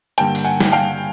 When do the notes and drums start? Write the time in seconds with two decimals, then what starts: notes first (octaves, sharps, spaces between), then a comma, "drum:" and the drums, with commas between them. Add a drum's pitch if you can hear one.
0.18 G2 D3 G3 A#3 G5 A5, drum: hi-hat
0.35 drum: open hi-hat
0.44 F#5 G#5
0.60 drum: snare
0.72 F5 G5